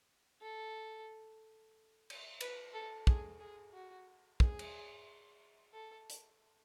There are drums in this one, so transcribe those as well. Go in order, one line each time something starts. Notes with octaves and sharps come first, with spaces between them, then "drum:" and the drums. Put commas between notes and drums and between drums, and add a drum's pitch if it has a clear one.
A4
drum: cymbal
B4, drum: cymbal
A4
G#4, drum: kick
G#4
F#4
G#4, drum: kick
drum: cymbal
A4
drum: hi-hat